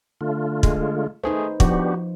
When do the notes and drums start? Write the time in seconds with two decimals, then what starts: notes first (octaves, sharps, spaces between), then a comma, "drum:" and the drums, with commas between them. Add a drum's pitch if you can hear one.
0.21 D3 A3 F4
0.63 G#3, drum: kick
1.23 A3 D#4 G#4 B4 C5
1.60 F3 B3 D4 F#4 G4, drum: kick